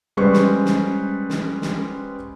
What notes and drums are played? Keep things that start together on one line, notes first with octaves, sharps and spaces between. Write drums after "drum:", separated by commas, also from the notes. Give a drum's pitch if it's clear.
G3 G#3 C#4 B4 C5 C#6
drum: snare
drum: snare
drum: snare
drum: snare